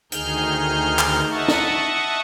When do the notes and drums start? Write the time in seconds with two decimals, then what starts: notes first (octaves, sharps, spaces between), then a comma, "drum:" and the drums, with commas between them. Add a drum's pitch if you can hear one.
0.12 D2 D#3 D#4 G#4 F6 G6, drum: hi-hat
0.99 drum: clap
1.30 D#5 E5 F#5 A5 C#6
1.48 drum: snare